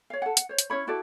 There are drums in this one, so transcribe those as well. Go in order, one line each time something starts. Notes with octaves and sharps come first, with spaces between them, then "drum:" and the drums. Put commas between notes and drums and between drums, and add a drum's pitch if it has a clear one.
C#5 F5
A4 F#5
F#5, drum: hi-hat
C5 C#5
drum: hi-hat
C#4 E4 C#5 B5
E4 F#4 A4 D5